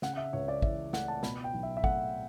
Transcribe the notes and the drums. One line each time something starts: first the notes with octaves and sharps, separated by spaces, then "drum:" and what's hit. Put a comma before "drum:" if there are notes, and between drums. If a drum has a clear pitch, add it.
C#3 F#5, drum: snare
F#5
E5
C#2 C#5
D5
E3 E5, drum: kick
A3 F#5, drum: snare
A5
B2 B5, drum: snare
G5
B1
E5
E5
A3 F#5, drum: kick